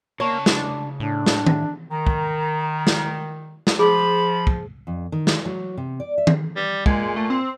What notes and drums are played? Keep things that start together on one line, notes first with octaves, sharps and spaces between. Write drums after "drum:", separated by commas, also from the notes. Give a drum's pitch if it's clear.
C#3 A#3 C#5 A5
D4, drum: snare
A2 D4
drum: snare
drum: tom D#3
D#3 A#5
drum: kick
drum: snare
drum: snare
F3 G#4 B5
drum: kick
F2
D#3
drum: snare
F#3
C3
D5
E5
drum: tom D#3
G3
A#2 G#3, drum: kick
A3
C4